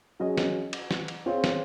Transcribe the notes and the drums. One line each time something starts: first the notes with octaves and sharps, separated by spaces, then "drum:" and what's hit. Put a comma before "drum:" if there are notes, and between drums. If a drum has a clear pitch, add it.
F#3 C#4 G#4 D#5
drum: snare
drum: cymbal
drum: snare
drum: cymbal
C4 F4 G#4 C#5 F5
drum: snare